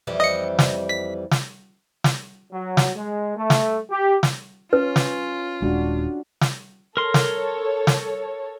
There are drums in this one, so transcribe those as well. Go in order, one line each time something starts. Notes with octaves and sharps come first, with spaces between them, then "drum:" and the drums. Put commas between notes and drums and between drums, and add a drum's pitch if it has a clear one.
F2 E3 G3
D#5 C#7
drum: snare
B6
drum: snare
drum: snare
F#3
drum: snare
G#3
A3
drum: snare
G4
drum: snare
C#4 F4 B4
drum: snare
D#1 C#2 G#3 D4 F#4
drum: snare
A4 A#4 C#5 C6
drum: snare
drum: snare